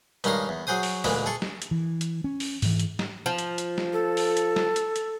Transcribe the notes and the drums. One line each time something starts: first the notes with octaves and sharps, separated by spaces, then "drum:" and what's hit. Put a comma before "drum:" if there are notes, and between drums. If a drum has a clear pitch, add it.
G2 D#3 G#3 C#4 F5 A#5, drum: hi-hat
E2
F#3 F#4 G#4 C5 D#6
drum: open hi-hat
D2 A#2 E3 G#3 D6, drum: open hi-hat
G#4 A4 C#6
drum: snare
drum: hi-hat
E3
drum: hi-hat
C#4
drum: open hi-hat
G#2 E3, drum: open hi-hat
drum: hi-hat
drum: snare
F3
drum: hi-hat
drum: hi-hat
drum: snare
A4
drum: open hi-hat
drum: hi-hat
drum: snare
drum: hi-hat
drum: hi-hat